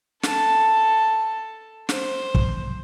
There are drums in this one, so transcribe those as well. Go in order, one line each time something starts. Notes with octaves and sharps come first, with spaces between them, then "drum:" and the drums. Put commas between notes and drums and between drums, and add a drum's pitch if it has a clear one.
A4 A5, drum: snare
C5, drum: snare
drum: kick